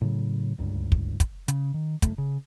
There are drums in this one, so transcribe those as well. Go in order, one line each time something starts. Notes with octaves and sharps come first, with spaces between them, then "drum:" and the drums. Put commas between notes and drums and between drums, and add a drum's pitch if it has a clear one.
A2 C#3 F#3
D1 C#2 G2
drum: kick
drum: kick, hi-hat
C#3, drum: hi-hat
D#3
F#1 A3, drum: kick, hi-hat
C#3